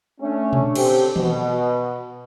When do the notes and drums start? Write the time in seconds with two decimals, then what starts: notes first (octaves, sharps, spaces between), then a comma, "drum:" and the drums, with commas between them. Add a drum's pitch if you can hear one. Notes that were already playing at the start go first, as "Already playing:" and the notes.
0.21 A3 C#4 D4
0.53 drum: tom A#2
0.75 D3 C4 C#4 G4 A4 C5, drum: cymbal
1.16 B2, drum: tom